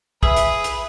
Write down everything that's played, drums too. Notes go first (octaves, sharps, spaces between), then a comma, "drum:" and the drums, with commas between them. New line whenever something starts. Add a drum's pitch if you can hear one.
G#4 B4 E5, drum: kick
drum: hi-hat
drum: hi-hat